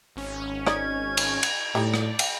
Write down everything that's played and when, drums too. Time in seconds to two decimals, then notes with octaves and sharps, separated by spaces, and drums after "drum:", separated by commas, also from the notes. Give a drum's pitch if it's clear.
0.16 G#1 C#4
0.67 D#4 D5 D#5 G#6, drum: rim click
1.17 drum: cymbal
1.43 drum: cymbal
1.75 A2 G3 D#4 D5
1.94 drum: rim click
2.19 drum: cymbal